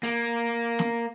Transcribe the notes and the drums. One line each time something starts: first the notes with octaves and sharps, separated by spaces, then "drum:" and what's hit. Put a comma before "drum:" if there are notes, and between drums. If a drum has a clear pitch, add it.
A#3, drum: open hi-hat
drum: snare